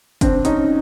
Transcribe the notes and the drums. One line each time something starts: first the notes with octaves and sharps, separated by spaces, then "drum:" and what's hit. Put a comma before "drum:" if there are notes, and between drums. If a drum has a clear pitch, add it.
C4 D4, drum: kick, hi-hat
C#4 D#4, drum: hi-hat